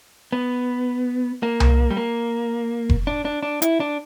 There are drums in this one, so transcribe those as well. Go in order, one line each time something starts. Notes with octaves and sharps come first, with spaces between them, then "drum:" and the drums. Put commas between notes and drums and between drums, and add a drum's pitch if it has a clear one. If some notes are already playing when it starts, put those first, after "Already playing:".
B3
A#3
drum: tom C2
G3
A#3
drum: kick F1
D4
D4
D4
E4, drum: hi-hat
D4